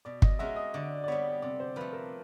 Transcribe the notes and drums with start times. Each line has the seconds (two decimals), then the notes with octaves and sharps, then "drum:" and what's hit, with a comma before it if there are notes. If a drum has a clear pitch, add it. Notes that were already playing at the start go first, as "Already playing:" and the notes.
0.05 B2 D5
0.22 D#5, drum: kick
0.39 G#3 C#4 F#4 A#4 E5
0.56 D#5
0.74 D3 D5
1.04 D5
1.08 G3 B3 C#5
1.42 C3 D5
1.60 C5
1.76 F3 A3 B4
1.93 A#4